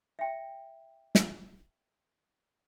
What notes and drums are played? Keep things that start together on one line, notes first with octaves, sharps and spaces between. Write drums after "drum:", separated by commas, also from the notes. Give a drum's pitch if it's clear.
E5 G5
drum: snare